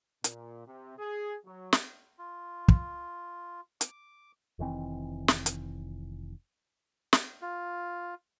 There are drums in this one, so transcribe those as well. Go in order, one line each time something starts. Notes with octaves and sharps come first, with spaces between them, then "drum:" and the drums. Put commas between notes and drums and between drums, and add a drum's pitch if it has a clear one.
A#2, drum: hi-hat
C3
G#4
F#3
drum: snare
F4
drum: kick
D6, drum: hi-hat
F1 D#3 E3 C4
drum: snare
drum: hi-hat
drum: snare
F4